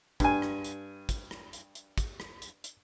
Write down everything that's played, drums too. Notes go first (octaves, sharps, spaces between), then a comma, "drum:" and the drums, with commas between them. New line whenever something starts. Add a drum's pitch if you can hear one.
G2 G#5, drum: kick, hi-hat
drum: rim click
drum: hi-hat
drum: kick, hi-hat
drum: rim click
drum: hi-hat
drum: hi-hat
drum: kick, hi-hat
drum: rim click
drum: hi-hat
drum: hi-hat